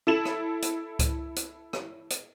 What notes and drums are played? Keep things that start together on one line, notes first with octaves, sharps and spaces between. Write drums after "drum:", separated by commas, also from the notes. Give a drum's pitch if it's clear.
E4 A4 E7 F#7
drum: rim click
drum: hi-hat
drum: kick C#2, hi-hat
drum: hi-hat
drum: rim click
drum: hi-hat